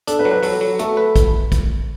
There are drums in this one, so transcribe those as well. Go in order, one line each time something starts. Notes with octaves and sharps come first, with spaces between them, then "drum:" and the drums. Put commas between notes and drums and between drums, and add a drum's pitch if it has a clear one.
D4 A4, drum: hi-hat
B4
F#3
B4
F#3 A4, drum: open hi-hat
F#3
A3 A4, drum: hi-hat
B4
drum: kick, hi-hat
drum: kick, hi-hat